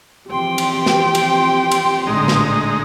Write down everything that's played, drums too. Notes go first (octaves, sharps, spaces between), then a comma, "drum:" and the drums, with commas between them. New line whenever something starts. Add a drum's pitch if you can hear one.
E3 F3 C4 G4 G5 C6
drum: cymbal
drum: snare
drum: cymbal
drum: cymbal
A1 A#2 D3 G#3 A3 D4 D#4
drum: snare